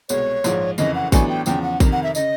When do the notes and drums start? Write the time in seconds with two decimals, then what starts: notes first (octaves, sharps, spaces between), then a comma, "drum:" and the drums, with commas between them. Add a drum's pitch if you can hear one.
0.09 C2 B2 G#3 C#5, drum: tambourine
0.44 A#1 G#2 F3 G#3, drum: tambourine
0.78 F#1 F2 C#3 E3 D#5, drum: tambourine
0.95 F#5
1.12 A1 A2 F#3 B3 D4 G#5, drum: kick A1, tambourine
1.29 G5
1.46 E2 C#3 F3 G5, drum: tambourine
1.63 F#5
1.80 F2 C3 D#3, drum: kick A1, tambourine
1.92 F#5
2.03 E5
2.15 C#3 D#5, drum: tambourine